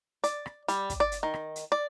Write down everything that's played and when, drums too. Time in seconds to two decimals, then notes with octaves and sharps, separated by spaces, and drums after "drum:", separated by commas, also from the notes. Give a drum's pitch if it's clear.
0.24 D5, drum: hi-hat
0.46 drum: rim click
0.68 G3, drum: hi-hat
0.90 drum: kick, hi-hat
1.00 D5
1.12 drum: hi-hat
1.23 D#3
1.34 drum: rim click
1.56 drum: hi-hat
1.72 D5